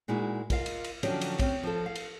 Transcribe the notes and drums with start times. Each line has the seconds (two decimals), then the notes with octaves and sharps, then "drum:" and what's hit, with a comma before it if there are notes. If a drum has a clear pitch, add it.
0.08 A#2 G#3 D#4 E4 F#4
0.50 F4 A#4 D#5 F5, drum: kick, cymbal
0.66 drum: cymbal
0.84 drum: cymbal
1.03 D3 F3 F#3 C#4 D4 G4, drum: cymbal
1.21 drum: cymbal
1.39 C4 C#4, drum: kick, cymbal
1.63 F3 A4
1.86 F5
1.95 drum: cymbal